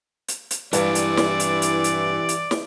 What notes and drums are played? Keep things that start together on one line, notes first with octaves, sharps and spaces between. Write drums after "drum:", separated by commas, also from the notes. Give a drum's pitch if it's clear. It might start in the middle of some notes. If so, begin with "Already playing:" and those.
drum: hi-hat
drum: hi-hat
G2 E3 E4 G4 D5, drum: hi-hat
drum: hi-hat
drum: snare
drum: hi-hat
drum: hi-hat
drum: hi-hat
drum: hi-hat
drum: snare